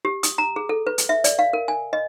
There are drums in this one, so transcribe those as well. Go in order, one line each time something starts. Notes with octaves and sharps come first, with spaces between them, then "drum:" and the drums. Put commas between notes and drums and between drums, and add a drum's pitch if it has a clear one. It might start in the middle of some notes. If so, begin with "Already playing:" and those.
G4
D#6, drum: hi-hat
A#5
G#4
A4
B4
drum: hi-hat
E5
D5, drum: hi-hat
F5
A#4
G#5
D#5